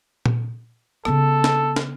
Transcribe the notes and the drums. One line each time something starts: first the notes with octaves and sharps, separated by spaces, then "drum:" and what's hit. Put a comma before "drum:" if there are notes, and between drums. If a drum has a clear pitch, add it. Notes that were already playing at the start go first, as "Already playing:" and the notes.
drum: tom A#2
C#3 B3 A4, drum: rim click
drum: snare
drum: snare